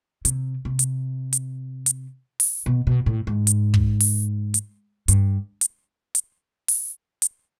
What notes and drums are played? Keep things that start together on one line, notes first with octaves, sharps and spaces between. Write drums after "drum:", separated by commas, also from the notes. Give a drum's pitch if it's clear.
C3, drum: hi-hat
C3
drum: hi-hat
drum: hi-hat
drum: hi-hat
drum: open hi-hat
B2
B2
A2
G#2
drum: hi-hat
drum: kick
drum: open hi-hat
drum: hi-hat
G2, drum: hi-hat
drum: hi-hat
drum: hi-hat
drum: open hi-hat
drum: hi-hat